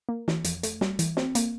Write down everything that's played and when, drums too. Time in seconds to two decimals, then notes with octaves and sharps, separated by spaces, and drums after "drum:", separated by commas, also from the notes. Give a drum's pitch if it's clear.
0.09 A#3
0.28 E3, drum: snare
0.44 F2, drum: hi-hat
0.63 A3, drum: hi-hat
0.81 G3, drum: snare
0.99 E3, drum: hi-hat
1.17 C4, drum: snare
1.35 A#3, drum: hi-hat